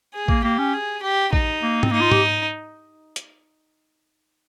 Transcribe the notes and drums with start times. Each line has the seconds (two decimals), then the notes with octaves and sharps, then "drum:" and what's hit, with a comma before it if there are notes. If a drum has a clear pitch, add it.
0.14 G#4
0.28 A#3, drum: kick
0.44 A#3 G4
0.59 C#4
0.73 G#4
1.03 G4
1.33 D#4, drum: kick
1.63 A#3
1.83 C4, drum: tom G#2
1.91 A#3 D#4
2.01 F4
2.12 G4, drum: tom G#2
3.16 drum: hi-hat